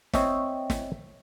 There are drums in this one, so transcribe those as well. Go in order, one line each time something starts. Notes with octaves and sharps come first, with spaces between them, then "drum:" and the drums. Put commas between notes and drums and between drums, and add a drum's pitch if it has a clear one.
C4 C#5 D#5 E5, drum: snare
drum: snare